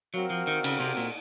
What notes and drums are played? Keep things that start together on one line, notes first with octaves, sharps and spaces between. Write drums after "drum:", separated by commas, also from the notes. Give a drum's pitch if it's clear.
F#3 C4 F#4 A#4 F5
F3
D#3
C#3, drum: cymbal
C3
A#2